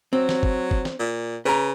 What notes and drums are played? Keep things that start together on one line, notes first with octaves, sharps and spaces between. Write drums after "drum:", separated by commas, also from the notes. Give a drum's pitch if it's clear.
F#3 C4
drum: snare
drum: kick
drum: kick
drum: snare
A#2
C#3 B4 A#5